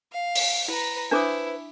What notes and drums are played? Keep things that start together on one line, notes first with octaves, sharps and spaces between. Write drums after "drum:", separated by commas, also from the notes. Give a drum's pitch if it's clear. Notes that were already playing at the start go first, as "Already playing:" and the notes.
F5
drum: open hi-hat
E4 B4 A#5
D4 E4 B4 C5 A5 D6 D#6